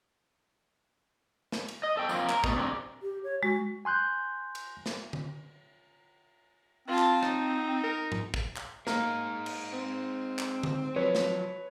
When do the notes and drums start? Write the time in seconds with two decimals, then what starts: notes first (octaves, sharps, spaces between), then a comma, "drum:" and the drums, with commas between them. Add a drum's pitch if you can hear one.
1.52 drum: snare
1.68 drum: cymbal
1.83 D#5
1.97 A4 G5
2.09 F3 A#3 C4, drum: tambourine
2.29 A#4, drum: clap
2.44 B2 A3, drum: kick
2.56 C4 D4 G4 G#4 A#4
3.02 G4
3.23 C#5
3.43 G#3 F#4
3.85 G#5 C6 F#6 G6
4.55 drum: cymbal
4.86 drum: snare
5.13 drum: tom D3
6.88 C4 F4 A5
6.99 drum: clap
7.23 D#4, drum: rim click
7.83 A#4
8.12 drum: tom G#2
8.34 drum: kick
8.56 drum: clap
8.87 G#3 A#3 D#4, drum: snare
9.46 drum: cymbal
9.73 C4
10.39 drum: clap
10.63 drum: tom D3
10.96 F3 F#3 B4 C#5
11.15 drum: snare